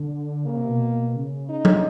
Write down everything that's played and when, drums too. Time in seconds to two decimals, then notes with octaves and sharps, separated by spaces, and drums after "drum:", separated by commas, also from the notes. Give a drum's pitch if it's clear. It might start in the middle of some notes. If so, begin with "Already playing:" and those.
Already playing: D3
0.45 C#3 A#3
0.57 C3
0.68 B2
1.16 C#3
1.49 D#4
1.65 drum: tom F#3